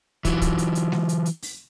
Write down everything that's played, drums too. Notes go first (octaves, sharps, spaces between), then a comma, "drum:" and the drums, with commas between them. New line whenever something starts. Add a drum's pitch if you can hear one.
E3 F#3, drum: kick, hi-hat
drum: kick, hi-hat
drum: hi-hat
drum: hi-hat
drum: snare
drum: hi-hat
drum: hi-hat
drum: open hi-hat